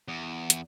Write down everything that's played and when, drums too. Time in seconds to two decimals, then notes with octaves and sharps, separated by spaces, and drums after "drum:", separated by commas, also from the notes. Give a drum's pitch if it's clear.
0.08 E2
0.50 drum: hi-hat